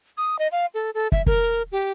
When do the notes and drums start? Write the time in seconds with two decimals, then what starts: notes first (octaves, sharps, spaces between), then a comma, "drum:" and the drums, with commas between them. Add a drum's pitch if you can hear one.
0.17 D#6
0.39 D#5
0.52 F5
0.74 A4
0.95 A4
1.12 E5, drum: kick
1.26 A#4, drum: kick
1.72 G4